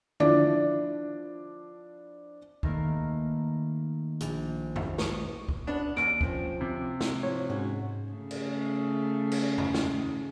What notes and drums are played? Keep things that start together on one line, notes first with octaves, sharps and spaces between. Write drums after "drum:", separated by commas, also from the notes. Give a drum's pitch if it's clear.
F3 D4 E4 D5, drum: tom D3
D#3 A3 A#3 A#4 B4, drum: kick C#2
A#1, drum: hi-hat
drum: tom E2
C#6 D#6, drum: snare
drum: kick C#2
B3 D4
D#2 D7, drum: rim click
F3 C4 C#4, drum: kick C#2
C3
drum: snare
F3 C#5
G#2 C#4 F#4
C#3 A3
drum: cymbal
drum: cymbal
drum: tom E2
drum: snare